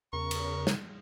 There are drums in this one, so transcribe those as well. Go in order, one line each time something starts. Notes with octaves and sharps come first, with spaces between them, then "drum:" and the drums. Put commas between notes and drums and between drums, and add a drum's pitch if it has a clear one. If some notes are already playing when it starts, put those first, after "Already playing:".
E2 C#3 A#4 C#6
drum: cymbal
drum: snare